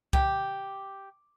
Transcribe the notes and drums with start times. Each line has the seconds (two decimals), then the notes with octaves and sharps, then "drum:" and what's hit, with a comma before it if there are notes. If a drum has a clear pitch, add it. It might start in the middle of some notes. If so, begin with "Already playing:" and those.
0.13 G4, drum: kick C2